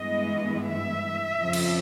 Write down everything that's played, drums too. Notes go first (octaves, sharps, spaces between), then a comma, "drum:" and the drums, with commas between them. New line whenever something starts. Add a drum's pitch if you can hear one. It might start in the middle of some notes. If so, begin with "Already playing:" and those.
Already playing: G2 E3 G#3 B3 E4 D#5
E5
F2 C#3 F3
drum: cymbal